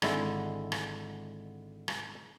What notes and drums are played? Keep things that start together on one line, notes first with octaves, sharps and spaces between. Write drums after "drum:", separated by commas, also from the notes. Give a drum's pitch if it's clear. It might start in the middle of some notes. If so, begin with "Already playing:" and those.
G#1 D3 G#3 E4, drum: rim click
drum: rim click
drum: rim click